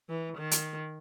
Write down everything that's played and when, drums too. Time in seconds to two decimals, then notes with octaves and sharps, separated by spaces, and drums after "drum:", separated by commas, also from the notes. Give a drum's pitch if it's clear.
0.09 E3
0.38 D#3
0.51 drum: hi-hat